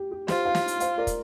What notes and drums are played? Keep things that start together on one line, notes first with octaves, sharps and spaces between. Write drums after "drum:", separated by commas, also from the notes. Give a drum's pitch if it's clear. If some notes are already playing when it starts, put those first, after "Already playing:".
Already playing: G4
G4
F4 G4 C5, drum: snare
C5 F5
drum: snare
drum: hi-hat
C5 F5, drum: hi-hat
A#4 D5
drum: kick, hi-hat